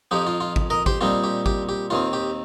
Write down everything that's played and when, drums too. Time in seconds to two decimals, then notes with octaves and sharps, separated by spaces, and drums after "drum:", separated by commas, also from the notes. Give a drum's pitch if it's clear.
0.11 F2 F3 D#4 G4
0.27 F4
0.40 F4
0.56 drum: kick G#1
0.70 A#4 D#5
0.86 G4 C5, drum: kick G#1
1.01 A#2 G3 C4 D#4 F4
1.24 G4
1.46 G4, drum: kick G#1
1.69 G4
1.90 D#2 D#3 C4 F4
2.13 G4